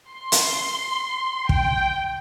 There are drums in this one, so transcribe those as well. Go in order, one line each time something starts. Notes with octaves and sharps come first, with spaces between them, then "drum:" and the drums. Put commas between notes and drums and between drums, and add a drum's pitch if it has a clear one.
C6
drum: hi-hat
G5, drum: kick